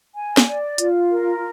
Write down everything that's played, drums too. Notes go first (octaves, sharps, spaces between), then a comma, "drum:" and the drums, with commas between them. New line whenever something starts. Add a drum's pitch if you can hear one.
G#5
drum: snare
D5
F4, drum: hi-hat
A#4